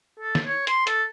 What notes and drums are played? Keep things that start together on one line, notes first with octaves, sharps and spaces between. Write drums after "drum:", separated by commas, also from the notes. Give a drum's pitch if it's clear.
A4
drum: snare
C#5
C6, drum: hi-hat
A4, drum: hi-hat